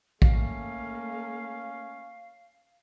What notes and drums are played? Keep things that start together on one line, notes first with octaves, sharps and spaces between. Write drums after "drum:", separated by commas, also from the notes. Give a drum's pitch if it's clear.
A3 A#3 C#4 F5, drum: kick